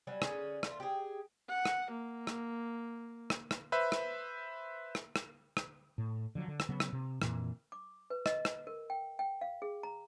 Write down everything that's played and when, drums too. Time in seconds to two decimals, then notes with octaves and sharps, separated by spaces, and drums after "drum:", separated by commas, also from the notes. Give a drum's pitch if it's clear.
0.07 F#3 G3 G#5
0.22 D3 C#4 G#4, drum: rim click
0.63 A3 F4, drum: rim click
0.80 G4 G#4
1.49 F#5
1.65 drum: rim click
1.91 A#3
2.27 drum: rim click
3.30 drum: rim click
3.51 drum: rim click
3.72 B4 C5 E5
3.92 drum: rim click
4.95 drum: rim click
5.16 drum: rim click
5.57 drum: rim click
5.98 A2
6.35 D3 F3 F#3
6.48 D3
6.60 drum: rim click
6.69 C#3 F#3 B3
6.80 drum: rim click
6.93 C3
7.22 F2 A#2 E3, drum: rim click
7.72 D6
8.10 B4
8.26 D#5, drum: rim click
8.45 drum: rim click
8.67 A#4
8.90 G5
9.19 G5
9.41 F5
9.62 G#4
9.83 A#5